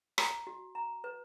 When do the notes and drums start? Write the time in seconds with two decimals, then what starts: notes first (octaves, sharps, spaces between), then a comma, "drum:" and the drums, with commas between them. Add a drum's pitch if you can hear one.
0.18 A#5, drum: rim click
0.47 F#4
0.75 A#5
1.04 B4